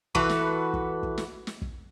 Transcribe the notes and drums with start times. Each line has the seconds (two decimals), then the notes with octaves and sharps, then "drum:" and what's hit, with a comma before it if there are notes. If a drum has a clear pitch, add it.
0.15 E3 F#4 A4 B4, drum: kick
0.29 drum: snare
0.73 drum: kick
1.03 drum: kick
1.18 drum: snare
1.47 drum: snare
1.62 drum: kick